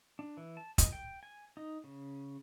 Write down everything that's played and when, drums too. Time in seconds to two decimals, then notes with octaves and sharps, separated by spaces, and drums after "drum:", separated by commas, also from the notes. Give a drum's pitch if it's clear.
0.19 D4
0.37 E3
0.57 A5
0.78 D#5, drum: kick, hi-hat
0.92 G5
1.23 G#5
1.57 D#4
1.84 C#3